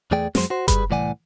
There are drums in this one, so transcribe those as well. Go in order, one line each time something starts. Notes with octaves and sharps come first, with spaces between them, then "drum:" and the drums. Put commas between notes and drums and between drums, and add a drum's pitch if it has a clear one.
E2 E3 A3 G#4 D5 G5
F#2 F#3 G#3 C5, drum: snare
F#4 C5
G2 G3 G#4 B4 B5, drum: kick F#1, hi-hat
C2 A2 E3 D5 F#5 G#5